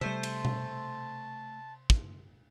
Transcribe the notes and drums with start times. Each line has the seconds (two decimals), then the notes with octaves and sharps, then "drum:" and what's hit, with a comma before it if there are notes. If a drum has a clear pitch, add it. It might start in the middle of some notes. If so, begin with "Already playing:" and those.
0.01 C3 G3 A3 C5 E5 A5
0.23 drum: cymbal
0.45 drum: tom B2
1.90 drum: kick